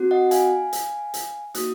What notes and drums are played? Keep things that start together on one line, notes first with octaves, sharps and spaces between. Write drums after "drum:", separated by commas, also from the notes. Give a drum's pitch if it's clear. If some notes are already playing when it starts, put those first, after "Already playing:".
Already playing: C4 F#4
D#5 F#5
F5 G#5, drum: hi-hat
drum: hi-hat
drum: hi-hat
A#3 D#4 F#4 D#6 F#6, drum: hi-hat